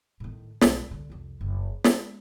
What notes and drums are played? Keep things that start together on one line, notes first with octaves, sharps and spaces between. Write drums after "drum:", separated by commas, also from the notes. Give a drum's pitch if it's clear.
A2 D#3
B1 G#3, drum: snare
D3
C2 F2
F#1
G#3, drum: snare